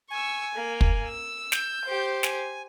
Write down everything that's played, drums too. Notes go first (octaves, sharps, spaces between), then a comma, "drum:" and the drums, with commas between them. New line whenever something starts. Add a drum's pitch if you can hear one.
G#5 C#6 E6
A#3
drum: kick
E6
G6, drum: snare
G4 C5
G#5, drum: snare